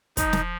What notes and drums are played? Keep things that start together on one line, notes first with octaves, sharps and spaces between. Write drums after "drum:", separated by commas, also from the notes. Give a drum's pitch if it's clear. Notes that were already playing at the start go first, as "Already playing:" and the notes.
F3 D#4, drum: kick, hi-hat
drum: snare